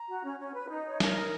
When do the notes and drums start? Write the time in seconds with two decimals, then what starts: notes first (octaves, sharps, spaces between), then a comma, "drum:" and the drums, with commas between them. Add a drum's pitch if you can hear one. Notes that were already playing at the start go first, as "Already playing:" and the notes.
Already playing: A#5
0.08 F#4
0.23 C#4
0.39 C#4
0.54 B4
0.69 D#4
0.84 C#5
1.00 A#4, drum: snare
1.15 D#4